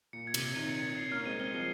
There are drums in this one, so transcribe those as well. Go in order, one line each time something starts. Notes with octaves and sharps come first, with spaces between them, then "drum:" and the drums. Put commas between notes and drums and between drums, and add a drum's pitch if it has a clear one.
A#2 C#7
G#6
C3, drum: cymbal
G7
C3 D#3 G#6
C#7
G#6
C7
A#3 C#4 F6
G#3 C4 D#7
G#3 C4 G7
F3 G#3 C7